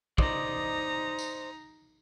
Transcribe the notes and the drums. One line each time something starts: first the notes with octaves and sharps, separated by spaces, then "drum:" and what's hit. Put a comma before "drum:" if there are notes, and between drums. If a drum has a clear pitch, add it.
D#4 C5 D5 D#5 A#5, drum: kick
drum: tambourine